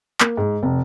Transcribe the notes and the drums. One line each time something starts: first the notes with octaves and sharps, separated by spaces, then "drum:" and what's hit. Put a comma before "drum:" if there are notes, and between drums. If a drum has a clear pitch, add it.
A#3, drum: clap
G#2
F1